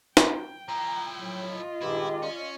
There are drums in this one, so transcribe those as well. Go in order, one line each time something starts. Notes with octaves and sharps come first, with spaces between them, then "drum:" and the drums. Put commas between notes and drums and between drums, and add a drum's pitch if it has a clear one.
G5, drum: snare
F3 E4 A#5
A2 F#3
F4 D#5
G2 A#2 D#3 G#3 E4 G4
C#4 D5